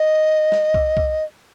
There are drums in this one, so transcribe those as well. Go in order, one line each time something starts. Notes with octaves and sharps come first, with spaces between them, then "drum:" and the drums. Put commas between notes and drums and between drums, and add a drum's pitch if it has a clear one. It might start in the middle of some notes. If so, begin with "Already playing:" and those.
Already playing: D#5
drum: snare
drum: kick
drum: kick